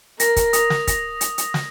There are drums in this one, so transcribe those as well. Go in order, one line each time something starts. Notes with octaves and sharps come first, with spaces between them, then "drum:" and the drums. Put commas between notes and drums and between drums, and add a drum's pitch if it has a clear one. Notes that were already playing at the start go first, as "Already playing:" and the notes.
A#4 A#6, drum: hi-hat
drum: kick, hi-hat
D#6, drum: hi-hat
drum: snare
A#6, drum: kick, hi-hat
A#6, drum: hi-hat
drum: hi-hat
D#6, drum: snare